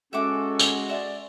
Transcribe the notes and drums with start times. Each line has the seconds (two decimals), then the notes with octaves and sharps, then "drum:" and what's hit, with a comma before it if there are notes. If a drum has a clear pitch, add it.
0.13 G#3 C#4 F#4 A4 E5 F#5 D6
0.59 drum: tambourine
0.89 D5 E5